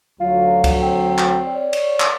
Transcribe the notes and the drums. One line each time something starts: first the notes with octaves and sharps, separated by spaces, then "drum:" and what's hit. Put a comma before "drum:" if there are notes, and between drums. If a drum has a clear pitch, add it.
D2 F#3 F4
drum: kick, cymbal
C4
drum: clap
C#5 D5
drum: cymbal
drum: clap